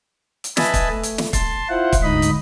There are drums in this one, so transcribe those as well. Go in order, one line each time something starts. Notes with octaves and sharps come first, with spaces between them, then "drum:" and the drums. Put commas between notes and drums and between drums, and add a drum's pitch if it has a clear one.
drum: hi-hat
B4 D#5 E5 G#5 A5 B5, drum: snare
drum: kick, hi-hat
A3
drum: hi-hat
drum: snare
A5 C6, drum: kick, hi-hat
E4 F4 C5 F#5
drum: kick, hi-hat
D2 G#2 D#4 D#5 B5
drum: hi-hat